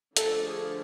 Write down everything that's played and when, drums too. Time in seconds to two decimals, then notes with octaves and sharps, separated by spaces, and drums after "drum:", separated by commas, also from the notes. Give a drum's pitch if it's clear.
0.17 D3 F3 A3 D4 A4, drum: hi-hat
0.45 G#4